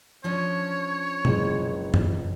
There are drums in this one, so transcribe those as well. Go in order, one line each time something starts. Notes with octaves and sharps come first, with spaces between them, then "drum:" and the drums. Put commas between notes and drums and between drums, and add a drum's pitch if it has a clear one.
F3 C#4 D4 C#5
F#1 C#2 G#3, drum: tom B2
drum: tom F#2